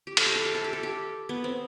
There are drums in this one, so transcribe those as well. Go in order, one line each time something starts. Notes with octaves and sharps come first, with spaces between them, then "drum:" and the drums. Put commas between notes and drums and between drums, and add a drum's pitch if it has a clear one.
G4
A4, drum: cymbal
G4
A4
G4
A4
G4
A4
G4
B3
C4